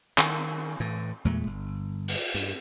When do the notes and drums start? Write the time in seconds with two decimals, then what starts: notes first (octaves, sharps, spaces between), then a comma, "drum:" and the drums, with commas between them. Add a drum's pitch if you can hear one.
0.18 D#3, drum: clap
0.80 A2 E3
1.25 E2 A#2 G#3 A3
1.47 G1
2.08 drum: open hi-hat
2.34 G2, drum: hi-hat